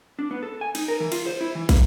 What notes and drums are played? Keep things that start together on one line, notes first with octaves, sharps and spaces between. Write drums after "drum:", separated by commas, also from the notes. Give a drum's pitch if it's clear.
D4
B3
A4
G#5
D#4, drum: cymbal
A#4
E3
F4, drum: cymbal
C5
E4
E3
A#3, drum: kick, cymbal